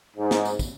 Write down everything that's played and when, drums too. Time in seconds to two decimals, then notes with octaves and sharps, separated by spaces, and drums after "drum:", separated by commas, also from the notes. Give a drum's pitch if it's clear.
0.17 G#2
0.31 drum: snare
0.45 drum: tambourine
0.59 drum: kick, tambourine